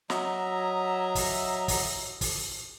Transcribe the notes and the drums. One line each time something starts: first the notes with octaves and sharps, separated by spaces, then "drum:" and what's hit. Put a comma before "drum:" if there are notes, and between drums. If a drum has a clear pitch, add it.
F#3 D#5 E5 A#5, drum: snare
drum: kick, open hi-hat
drum: kick, open hi-hat
drum: kick, open hi-hat